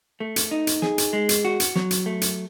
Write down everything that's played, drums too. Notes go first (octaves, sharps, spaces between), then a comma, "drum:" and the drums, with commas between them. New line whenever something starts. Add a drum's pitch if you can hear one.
A3
drum: hi-hat
D#4
drum: hi-hat
G#4, drum: snare
drum: hi-hat
G#3
drum: hi-hat
F#4
drum: hi-hat
F#3, drum: snare
drum: hi-hat
A3
drum: hi-hat